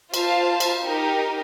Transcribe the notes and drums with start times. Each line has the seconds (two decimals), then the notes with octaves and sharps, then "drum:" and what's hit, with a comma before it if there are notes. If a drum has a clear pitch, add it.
0.14 F4 C5 F5 A5, drum: cymbal
0.60 drum: cymbal
0.84 D#4 G4 A#4